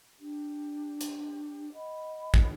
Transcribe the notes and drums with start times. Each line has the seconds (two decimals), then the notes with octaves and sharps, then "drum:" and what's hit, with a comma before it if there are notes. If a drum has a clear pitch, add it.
0.19 D4 G4
1.01 drum: hi-hat
1.74 D#5 F#5 B5
2.34 drum: kick